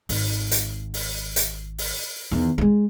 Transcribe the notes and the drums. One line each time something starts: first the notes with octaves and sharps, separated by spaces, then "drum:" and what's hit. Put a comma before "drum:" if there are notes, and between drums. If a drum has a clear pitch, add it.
G#1, drum: open hi-hat
drum: hi-hat
drum: open hi-hat
drum: hi-hat
drum: open hi-hat
E2 D#3
G2 G#3